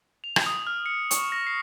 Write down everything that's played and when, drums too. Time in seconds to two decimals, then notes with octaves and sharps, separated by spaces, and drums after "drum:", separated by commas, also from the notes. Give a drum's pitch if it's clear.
0.24 F7
0.36 drum: rim click
0.46 D#6
0.67 F6
0.86 C#7
1.11 C#6, drum: hi-hat
1.32 A#6
1.47 C7